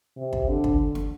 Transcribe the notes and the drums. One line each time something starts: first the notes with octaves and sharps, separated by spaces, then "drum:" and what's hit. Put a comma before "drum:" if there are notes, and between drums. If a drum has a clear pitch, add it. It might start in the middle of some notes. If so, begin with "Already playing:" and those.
C3
drum: kick
D3
drum: kick
drum: snare